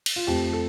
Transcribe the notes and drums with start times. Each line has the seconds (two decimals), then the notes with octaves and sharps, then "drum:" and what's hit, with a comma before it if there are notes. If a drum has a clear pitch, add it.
0.06 drum: cymbal
0.16 F4
0.27 F2 F3 A3 G4
0.53 A4